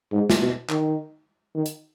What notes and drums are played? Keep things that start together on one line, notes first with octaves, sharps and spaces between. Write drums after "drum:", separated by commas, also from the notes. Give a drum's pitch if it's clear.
G#2
drum: snare
B2
D#3, drum: clap
D#3
drum: hi-hat